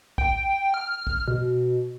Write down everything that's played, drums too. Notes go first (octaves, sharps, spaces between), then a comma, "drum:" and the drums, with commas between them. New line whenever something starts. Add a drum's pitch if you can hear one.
G5, drum: kick
F6
drum: kick
B2